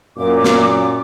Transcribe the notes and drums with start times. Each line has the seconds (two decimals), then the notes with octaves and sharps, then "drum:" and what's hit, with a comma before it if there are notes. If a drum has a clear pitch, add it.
0.17 F#2 A#2 D6
0.44 drum: snare